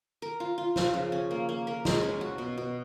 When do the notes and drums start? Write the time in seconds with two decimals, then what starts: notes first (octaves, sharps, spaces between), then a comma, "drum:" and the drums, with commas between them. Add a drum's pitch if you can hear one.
0.22 A#4
0.40 F4
0.58 F4
0.76 F3, drum: snare
0.94 C#3
1.12 C#4
1.31 A#3
1.49 A#3
1.67 A#4
1.85 G#3, drum: snare
2.03 C#4
2.21 F#4
2.38 B2
2.58 B2